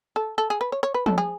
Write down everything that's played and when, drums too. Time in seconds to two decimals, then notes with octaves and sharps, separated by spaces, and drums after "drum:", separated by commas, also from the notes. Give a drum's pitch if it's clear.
0.16 A4
0.38 A4
0.50 G#4
0.61 B4
0.72 C#5
0.83 C#5
0.94 B4
1.06 A4, drum: tom F3
1.18 G#4